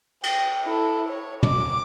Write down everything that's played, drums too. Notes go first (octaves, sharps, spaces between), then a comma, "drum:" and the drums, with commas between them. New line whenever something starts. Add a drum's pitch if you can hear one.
G5, drum: cymbal
E4 A4
C#5
D6, drum: tom